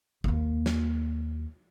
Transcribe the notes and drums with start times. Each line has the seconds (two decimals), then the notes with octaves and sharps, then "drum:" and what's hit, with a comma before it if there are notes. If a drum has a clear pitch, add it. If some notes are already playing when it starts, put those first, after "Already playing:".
0.24 D#2 A#3, drum: kick G#1
0.66 drum: snare